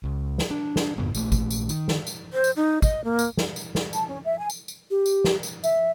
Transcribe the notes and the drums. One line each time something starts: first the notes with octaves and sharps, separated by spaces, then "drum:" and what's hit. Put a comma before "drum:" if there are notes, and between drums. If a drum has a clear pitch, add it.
C#2
drum: snare
D4
drum: snare
F2 G#2 C#3 B3
A#1 A3, drum: tambourine
drum: kick, tambourine
drum: tambourine
D#3, drum: tambourine
drum: snare
drum: tambourine
C5
drum: tambourine
D#4
D#5, drum: kick, tambourine
A#3
drum: tambourine
drum: snare
drum: tambourine
drum: snare
A5, drum: tambourine
C#4
E5
G#5
drum: tambourine
drum: tambourine
G4
drum: tambourine
drum: snare
drum: tambourine
E5, drum: tambourine